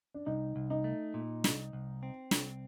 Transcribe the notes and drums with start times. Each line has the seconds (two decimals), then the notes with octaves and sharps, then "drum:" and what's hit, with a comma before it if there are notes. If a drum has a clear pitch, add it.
0.14 D4
0.26 C2 D#4
0.56 C2
0.70 D#4
0.84 A3
1.14 A#2
1.44 C2, drum: snare
1.73 C2
2.03 C4
2.31 C2, drum: snare